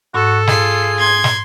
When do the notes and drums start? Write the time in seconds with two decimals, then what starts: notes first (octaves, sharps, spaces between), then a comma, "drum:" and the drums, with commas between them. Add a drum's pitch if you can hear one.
0.14 G#2 F#4 A4
0.47 F4 G#4 C7, drum: snare
0.99 C6 G#6
1.24 drum: snare